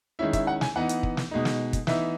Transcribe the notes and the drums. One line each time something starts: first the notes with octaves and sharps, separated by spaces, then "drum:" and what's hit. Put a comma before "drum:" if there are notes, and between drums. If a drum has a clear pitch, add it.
D#3 G#3 C#4 E4 E5
E5, drum: kick, hi-hat
F#5
G#5, drum: snare
E3 B3 D#4 F#5
drum: hi-hat
drum: kick
drum: snare
B2 G#3 D#4
drum: snare
drum: kick, hi-hat
E3 B3 D#4 E5, drum: snare